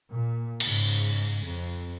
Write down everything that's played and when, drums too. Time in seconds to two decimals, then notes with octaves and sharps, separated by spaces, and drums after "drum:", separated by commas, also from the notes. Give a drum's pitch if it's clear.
0.11 A#2
0.60 G#2 C#3, drum: cymbal
1.44 F2